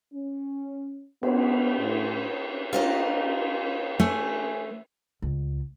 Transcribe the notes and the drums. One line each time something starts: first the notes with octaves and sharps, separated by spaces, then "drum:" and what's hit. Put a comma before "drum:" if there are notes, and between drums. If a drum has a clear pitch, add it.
C#4
B3, drum: cymbal
A2
F4 A#4 D#5, drum: cymbal
A3 G#4
C#2